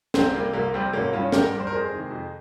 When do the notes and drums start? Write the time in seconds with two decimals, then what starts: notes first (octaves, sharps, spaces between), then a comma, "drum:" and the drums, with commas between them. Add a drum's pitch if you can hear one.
0.14 C2 C4, drum: snare
0.34 C3 G3 A#3
0.53 C2 A#3
0.74 C3 G3 C4
0.93 G#1 A#3 C#4
1.12 G2 G3 C#4 F4
1.32 G#1 G4 A#4, drum: snare
1.52 G2 G3
1.60 C5
1.67 A#4
1.72 F2 G#4 C5
1.91 C3 D#3 G#3
2.11 F2